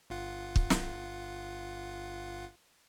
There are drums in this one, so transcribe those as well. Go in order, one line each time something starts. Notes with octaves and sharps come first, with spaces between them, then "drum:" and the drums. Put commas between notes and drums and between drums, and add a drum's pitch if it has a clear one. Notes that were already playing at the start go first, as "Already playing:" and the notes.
G1 F4 F#5
drum: kick
drum: snare